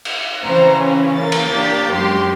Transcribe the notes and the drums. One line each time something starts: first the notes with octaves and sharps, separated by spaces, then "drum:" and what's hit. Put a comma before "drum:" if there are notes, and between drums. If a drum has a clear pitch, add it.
drum: cymbal
C#3 E3 C4 C5 A#5
C#4
A#3 A6
drum: cymbal
D4 G4
F#2 G#3 G4 C6